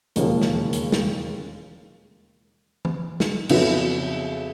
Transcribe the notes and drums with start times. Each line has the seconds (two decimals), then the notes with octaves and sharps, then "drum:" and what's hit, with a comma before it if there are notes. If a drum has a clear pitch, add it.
0.16 E1 D#2 C#3 F3 A#3, drum: hi-hat
0.41 drum: snare
0.73 drum: hi-hat
0.92 drum: snare
2.85 drum: tom E3
3.20 drum: snare
3.49 F2 C#3 F#3 B3 E4, drum: cymbal